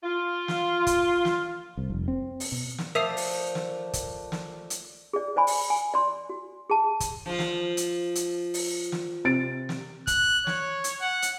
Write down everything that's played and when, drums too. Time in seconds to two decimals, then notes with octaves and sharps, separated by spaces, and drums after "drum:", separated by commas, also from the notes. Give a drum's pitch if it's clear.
0.03 F4
0.48 drum: snare
0.87 drum: kick, hi-hat
1.25 drum: snare
1.77 C2
1.90 F1
2.08 C4
2.40 drum: open hi-hat
2.52 B2
2.78 drum: snare
2.95 F3 A3 D4 A#4 E5 D#6 C7
3.17 drum: open hi-hat
3.55 drum: snare
3.93 drum: kick, hi-hat
4.32 drum: snare
4.70 drum: hi-hat
5.13 G#4 D5
5.36 C5 D5 G#5 B5
5.47 drum: open hi-hat
5.70 G#5
5.94 D5 C6
6.29 F#4
6.70 G#4 A5
7.00 drum: kick, hi-hat
7.26 F3 F4
7.39 drum: snare
7.77 drum: hi-hat
8.15 drum: hi-hat
8.54 drum: open hi-hat
8.92 drum: snare
9.25 C3 A6 D7
9.69 drum: snare
10.07 F#6, drum: kick, hi-hat
10.47 C#5, drum: snare
10.84 drum: hi-hat
11.01 F#5
11.22 drum: hi-hat